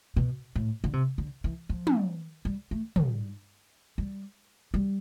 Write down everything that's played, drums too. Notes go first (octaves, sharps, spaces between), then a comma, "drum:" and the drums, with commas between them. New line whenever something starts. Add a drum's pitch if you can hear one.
B2
A2
D3
C3
D3
E3
F3
drum: tom
G3
A3
G3, drum: tom
G3
G3